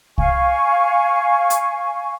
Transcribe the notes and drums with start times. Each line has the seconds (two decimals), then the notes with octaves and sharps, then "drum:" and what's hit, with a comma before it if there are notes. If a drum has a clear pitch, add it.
0.18 F5 G#5 C#6, drum: kick C2
1.50 drum: hi-hat